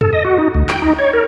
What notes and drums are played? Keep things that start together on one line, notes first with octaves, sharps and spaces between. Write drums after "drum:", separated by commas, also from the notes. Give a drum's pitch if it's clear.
A4, drum: tom
D#5
F#4
D#4
D2
G5, drum: clap
D#4
C#5
A#4